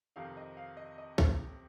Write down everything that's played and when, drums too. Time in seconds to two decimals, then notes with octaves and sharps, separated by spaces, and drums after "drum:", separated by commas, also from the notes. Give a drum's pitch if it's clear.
0.16 F2 C3 D#3 F5
0.37 D#5
0.57 F5
0.77 D#5
0.98 D#5
1.18 C#5, drum: kick